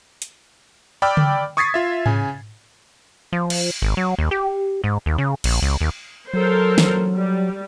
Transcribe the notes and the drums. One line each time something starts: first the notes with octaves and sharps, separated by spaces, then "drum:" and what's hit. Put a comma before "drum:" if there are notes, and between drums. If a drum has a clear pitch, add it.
drum: hi-hat
D5 G5 B5 D6 E6 F6
drum: tom C#3
C#6 D#6 G#6 A6 B6 C7
F4 E5
C#3 G#5, drum: tom G#2
F3
drum: cymbal
G#1
F#3
D#2
G4
G#2
D#2
C#3
A#1, drum: cymbal
C#2
D#2
F#3 A4 A#4 C5
drum: snare
G3